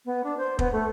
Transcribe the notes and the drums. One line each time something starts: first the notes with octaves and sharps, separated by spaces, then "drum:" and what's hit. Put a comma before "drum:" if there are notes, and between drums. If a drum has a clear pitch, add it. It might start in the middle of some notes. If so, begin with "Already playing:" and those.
B3
D4
C5
B3, drum: kick
A3